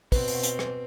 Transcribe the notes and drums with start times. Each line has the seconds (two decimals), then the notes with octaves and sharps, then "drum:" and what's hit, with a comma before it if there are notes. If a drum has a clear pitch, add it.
0.12 B2 C4 B4, drum: kick, open hi-hat
0.28 drum: open hi-hat
0.43 drum: hi-hat
0.59 drum: rim click